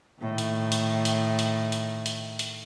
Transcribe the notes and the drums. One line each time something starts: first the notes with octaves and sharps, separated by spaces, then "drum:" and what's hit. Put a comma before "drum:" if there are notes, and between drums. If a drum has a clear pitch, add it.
A2 D#3
drum: hi-hat
drum: hi-hat
drum: hi-hat
drum: hi-hat
drum: hi-hat
drum: hi-hat
drum: hi-hat